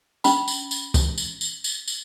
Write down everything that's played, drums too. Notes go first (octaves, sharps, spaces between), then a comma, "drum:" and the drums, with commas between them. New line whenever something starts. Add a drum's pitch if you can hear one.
C#4 B5, drum: tambourine
drum: tambourine
drum: tambourine
drum: kick, tambourine
drum: tambourine
drum: tambourine
drum: tambourine
drum: tambourine